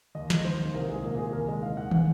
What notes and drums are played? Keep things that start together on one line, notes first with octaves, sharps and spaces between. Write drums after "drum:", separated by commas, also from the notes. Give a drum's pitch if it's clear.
D#2 D#5
G#3, drum: snare
D#3 C5
D#2
C2 A#4
G#3 G#4
A#2 A#4
C2 G#4
D#2 A#4
G#3 D#5
D#3 F5
D#2 F#5
F#5, drum: tom